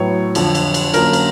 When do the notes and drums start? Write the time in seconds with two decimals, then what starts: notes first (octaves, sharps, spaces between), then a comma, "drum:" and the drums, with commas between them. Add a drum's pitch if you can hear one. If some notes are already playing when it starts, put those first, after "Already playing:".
Already playing: A2 F#3 B3 C#5
0.35 F2 D3 F3, drum: cymbal
0.55 drum: cymbal
0.74 drum: cymbal
0.94 D3 F#3 A#3 C#4 A#4, drum: cymbal
1.13 drum: cymbal